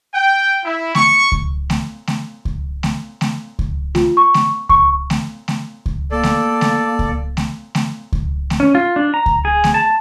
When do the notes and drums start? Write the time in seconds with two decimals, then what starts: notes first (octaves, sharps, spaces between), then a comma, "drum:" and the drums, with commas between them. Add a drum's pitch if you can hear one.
0.14 G5
0.64 E4
0.95 C#6, drum: snare A3
1.32 drum: kick C#2
1.70 drum: snare A3
2.07 drum: snare A3
2.45 drum: kick C#2
2.83 drum: snare A3
3.21 drum: snare A3
3.59 drum: kick C#2
3.95 F4, drum: snare A3
4.17 C#6
4.34 drum: snare A3
4.69 C#6, drum: kick C#2
5.10 drum: snare A3
5.48 drum: snare A3
5.86 drum: kick C#2
6.11 A#3 A4 D5
6.23 drum: snare A3
6.61 drum: snare A3
6.99 drum: kick C#2
7.37 drum: snare A3
7.75 drum: snare A3
8.12 drum: kick C#2
8.50 drum: snare A3
8.60 C#4
8.75 F4
8.96 D4
9.14 A#5
9.26 drum: kick C#2
9.45 G#4
9.64 drum: snare A3
9.74 A5